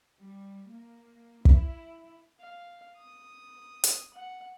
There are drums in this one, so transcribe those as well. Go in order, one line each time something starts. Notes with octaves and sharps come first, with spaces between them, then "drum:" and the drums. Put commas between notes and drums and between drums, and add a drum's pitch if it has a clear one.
G3
A#3
E4, drum: kick
F5
D#6
drum: hi-hat
F#5